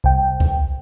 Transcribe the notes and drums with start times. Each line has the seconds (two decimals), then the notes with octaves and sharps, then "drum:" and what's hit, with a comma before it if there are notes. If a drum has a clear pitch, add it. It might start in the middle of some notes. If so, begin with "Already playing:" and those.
0.04 C2 G5
0.40 drum: kick D2